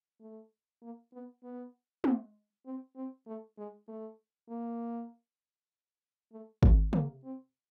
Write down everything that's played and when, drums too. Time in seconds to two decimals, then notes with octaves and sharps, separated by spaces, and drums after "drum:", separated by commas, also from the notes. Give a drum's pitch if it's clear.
0.21 A3
0.82 A#3
1.13 B3
1.43 B3
2.04 C4, drum: tom
2.66 C4
2.96 C4
3.27 A3
3.58 G#3
3.88 A3
4.49 A#3
6.32 A3
6.63 A3, drum: kick G#1
6.93 A#3, drum: tom
7.24 C4